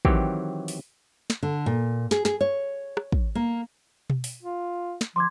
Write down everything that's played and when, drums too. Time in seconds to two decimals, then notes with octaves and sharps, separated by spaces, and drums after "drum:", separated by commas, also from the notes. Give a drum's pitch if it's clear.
0.05 D#3 E3 F#3 C4 G4 C#5, drum: kick
0.68 drum: open hi-hat
1.30 drum: snare
1.43 D3
1.66 A#2
2.11 G#4, drum: snare
2.25 G#4, drum: snare
2.41 C#5
2.97 drum: rim click
3.12 drum: kick
3.35 A#3
4.10 drum: tom B2
4.24 drum: open hi-hat
4.43 F4
5.01 drum: snare
5.16 F3 C6 D6 G#6